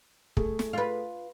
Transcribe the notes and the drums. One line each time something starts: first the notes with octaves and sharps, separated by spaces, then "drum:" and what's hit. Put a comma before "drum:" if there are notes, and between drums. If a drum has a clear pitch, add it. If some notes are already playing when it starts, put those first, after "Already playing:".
A3 G#4, drum: kick
drum: snare
F4 B4